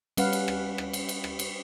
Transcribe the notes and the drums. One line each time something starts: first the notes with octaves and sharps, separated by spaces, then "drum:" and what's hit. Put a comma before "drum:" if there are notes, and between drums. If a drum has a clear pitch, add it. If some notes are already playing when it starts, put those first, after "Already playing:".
G3 C#4 B4 F5 F#5, drum: cymbal
drum: cymbal
drum: rim click
drum: rim click
drum: cymbal
drum: cymbal
drum: rim click
drum: cymbal